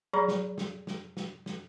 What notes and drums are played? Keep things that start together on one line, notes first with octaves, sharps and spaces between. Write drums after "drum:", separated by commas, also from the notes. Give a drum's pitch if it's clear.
F#3 G#4 D5 A#5 B5 C#6
drum: snare
drum: snare
drum: snare
drum: snare
drum: snare